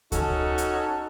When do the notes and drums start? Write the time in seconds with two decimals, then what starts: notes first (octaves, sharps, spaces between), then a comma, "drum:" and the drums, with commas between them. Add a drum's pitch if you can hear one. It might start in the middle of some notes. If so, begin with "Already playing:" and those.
0.12 C#4 D#4 F#4 A4, drum: kick D2, hi-hat
0.58 drum: hi-hat